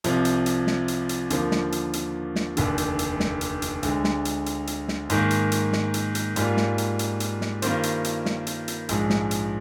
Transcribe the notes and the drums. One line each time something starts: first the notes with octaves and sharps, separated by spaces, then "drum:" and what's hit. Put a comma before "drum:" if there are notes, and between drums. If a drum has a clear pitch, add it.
C2 C3 F3, drum: hi-hat
drum: hi-hat
drum: hi-hat
drum: snare
drum: hi-hat
drum: hi-hat
D#2 D3 F3 A#3, drum: hi-hat
drum: snare
drum: hi-hat
drum: hi-hat
drum: snare
F1 D#2 D3, drum: hi-hat
drum: hi-hat
drum: hi-hat
drum: snare
drum: hi-hat
drum: hi-hat
D2 D3 G#3, drum: hi-hat
drum: snare
drum: hi-hat
drum: hi-hat
drum: hi-hat
drum: snare
G#2 D#3 A#3, drum: hi-hat
drum: hi-hat
drum: hi-hat
drum: snare
drum: hi-hat
drum: hi-hat
G#2 G3 A#3 F4, drum: hi-hat
drum: snare
drum: hi-hat
drum: hi-hat
drum: hi-hat
drum: snare
G2 D#3 A#3 F4 C5, drum: hi-hat
drum: hi-hat
drum: hi-hat
drum: snare
drum: hi-hat
drum: hi-hat
A#1 G#2 F3 G#3, drum: hi-hat
drum: snare
drum: hi-hat